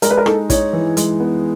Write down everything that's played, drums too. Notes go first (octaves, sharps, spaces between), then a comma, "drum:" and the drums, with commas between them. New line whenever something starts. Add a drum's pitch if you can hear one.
G#3 A#4, drum: hi-hat
B4
A#4
D#4 A4, drum: rim click
D#4 C#5, drum: kick, hi-hat
E3
G#3, drum: hi-hat
B3